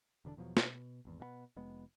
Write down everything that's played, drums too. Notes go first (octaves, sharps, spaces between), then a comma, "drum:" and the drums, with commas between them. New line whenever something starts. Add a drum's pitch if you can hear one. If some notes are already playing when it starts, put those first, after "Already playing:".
E1 D3 B3 D4
E2 B2 F3 F#3
B2, drum: snare
G#1 E2
B2 F3 B3
F1 G#3 B3